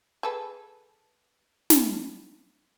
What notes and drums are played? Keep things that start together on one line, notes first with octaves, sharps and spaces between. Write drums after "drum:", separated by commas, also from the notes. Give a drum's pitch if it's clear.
G#4 A4 B4
drum: snare